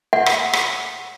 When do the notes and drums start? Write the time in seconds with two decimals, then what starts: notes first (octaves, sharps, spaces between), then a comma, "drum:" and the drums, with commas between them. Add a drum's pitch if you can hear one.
0.13 F#5
0.26 drum: rim click
0.53 drum: rim click